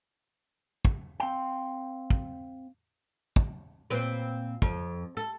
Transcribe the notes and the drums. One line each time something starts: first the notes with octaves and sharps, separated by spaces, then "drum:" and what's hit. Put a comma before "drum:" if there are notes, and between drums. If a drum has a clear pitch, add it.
drum: kick
C4 F5 G5
drum: kick
drum: kick
A#2 C4 B4
F2, drum: kick
A4